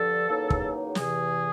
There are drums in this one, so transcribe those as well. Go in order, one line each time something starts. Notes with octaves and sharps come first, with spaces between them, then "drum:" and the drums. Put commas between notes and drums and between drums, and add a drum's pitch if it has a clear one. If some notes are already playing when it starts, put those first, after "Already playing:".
Already playing: G2 D3 F3 A4
E2 C#3 F#3 A#3 D#4
drum: kick
E2 C3 E3 G#4, drum: snare